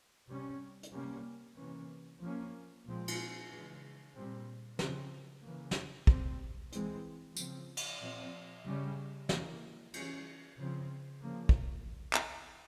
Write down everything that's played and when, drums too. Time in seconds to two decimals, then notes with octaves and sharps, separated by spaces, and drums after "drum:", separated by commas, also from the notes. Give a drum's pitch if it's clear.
0.29 C3 G3 C#4
0.83 drum: hi-hat
0.93 C3 G3 A#3 C#4
1.58 C3 E3 A#3 C#4
2.22 F3 A#3 C#4
2.86 A#2 F3 G#3 C4
3.08 drum: cymbal
3.50 C#3 E3 G#3
4.15 A#2 G3 C4
4.79 C#3 F3 C4, drum: snare
5.43 C#3 E3 A#3
5.71 drum: snare
6.07 C3 G3 C4, drum: kick
6.72 E3 G#3 C4, drum: hi-hat
7.37 C#3 F3 C4, drum: tambourine
7.77 drum: cymbal
8.01 A#2 F3 C4
8.65 C#3 G3 C#4
9.29 C#3 E3 A#3 C#4, drum: snare
9.94 E3 G3 C#4, drum: cymbal
10.58 C#3 F3 C4
11.22 C#3 F3 A#3
11.49 drum: kick
12.13 drum: clap